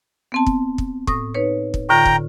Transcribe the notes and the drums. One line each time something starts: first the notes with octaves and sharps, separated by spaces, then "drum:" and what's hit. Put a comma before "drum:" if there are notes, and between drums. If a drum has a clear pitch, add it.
B3 C4 A5
drum: kick
drum: kick
A2 D#6 A#6, drum: kick
D#4 B4 C#5
drum: kick
A2 D3 F4 G5 A#5
drum: kick